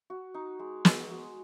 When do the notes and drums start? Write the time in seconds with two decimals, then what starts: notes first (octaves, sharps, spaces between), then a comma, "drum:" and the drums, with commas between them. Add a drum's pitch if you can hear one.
0.10 F#4
0.34 D#4
0.59 G#3
0.85 G#3, drum: snare
1.10 F#4